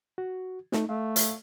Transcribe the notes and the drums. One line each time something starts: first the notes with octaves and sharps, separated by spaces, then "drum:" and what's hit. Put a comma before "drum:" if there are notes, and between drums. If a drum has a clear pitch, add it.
F#4
A3 D#4, drum: snare
A3 F5
drum: hi-hat